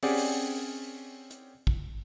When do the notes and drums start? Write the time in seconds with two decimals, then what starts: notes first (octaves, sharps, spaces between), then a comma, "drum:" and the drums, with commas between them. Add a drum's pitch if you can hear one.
0.03 C4 C#4 G4 G#4 D5 F#5, drum: open hi-hat
0.17 drum: open hi-hat
1.31 drum: hi-hat
1.67 drum: kick